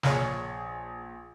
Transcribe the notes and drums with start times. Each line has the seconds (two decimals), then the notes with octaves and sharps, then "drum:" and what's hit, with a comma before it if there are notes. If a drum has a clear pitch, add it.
0.03 A#1 G#4 C#5, drum: snare